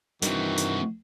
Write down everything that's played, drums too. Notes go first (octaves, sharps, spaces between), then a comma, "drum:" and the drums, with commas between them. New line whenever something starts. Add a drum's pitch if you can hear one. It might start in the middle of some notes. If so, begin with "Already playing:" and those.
G2 D#3 E3 C4 F#4, drum: hi-hat
drum: hi-hat